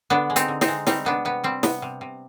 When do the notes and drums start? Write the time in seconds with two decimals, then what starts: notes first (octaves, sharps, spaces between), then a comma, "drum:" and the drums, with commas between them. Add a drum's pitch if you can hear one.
0.10 D3 B3 D4
0.30 G#3
0.36 C4 D#4, drum: hi-hat
0.48 D3
0.61 C4 D#4, drum: snare
0.68 G#3
0.87 G3 C4 D#4, drum: snare
1.05 C3 B3 D4
1.25 C3 B3
1.44 G3 C4
1.63 C3 B3, drum: snare
1.82 C3
2.01 C3